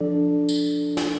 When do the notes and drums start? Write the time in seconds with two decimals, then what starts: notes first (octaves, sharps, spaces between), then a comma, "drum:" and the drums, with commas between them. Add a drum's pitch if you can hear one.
0.01 F3 D4 A4 D5
0.49 drum: tambourine
0.97 drum: snare